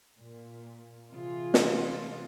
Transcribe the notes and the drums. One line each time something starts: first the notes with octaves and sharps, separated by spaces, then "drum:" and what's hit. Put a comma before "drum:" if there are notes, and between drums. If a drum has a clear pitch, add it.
A#2
C3 E3 F4 G#4
drum: snare